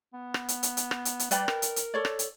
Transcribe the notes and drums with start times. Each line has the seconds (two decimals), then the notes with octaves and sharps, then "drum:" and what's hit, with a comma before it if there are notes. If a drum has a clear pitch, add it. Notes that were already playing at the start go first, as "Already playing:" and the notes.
0.14 B3
0.34 drum: rim click
0.48 drum: hi-hat
0.63 drum: hi-hat
0.77 drum: hi-hat
0.91 drum: rim click
1.05 drum: hi-hat
1.19 drum: hi-hat
1.31 G3 B4 D5 G5, drum: hi-hat
1.48 A#4, drum: rim click
1.62 drum: hi-hat
1.76 drum: hi-hat
1.94 A4 C#5 D5
2.05 drum: rim click
2.19 drum: hi-hat